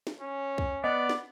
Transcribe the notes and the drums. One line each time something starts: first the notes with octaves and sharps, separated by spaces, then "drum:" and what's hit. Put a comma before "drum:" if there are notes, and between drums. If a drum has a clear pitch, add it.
drum: snare
C#4
drum: kick C2
B3 D5 D#5 F#6
drum: snare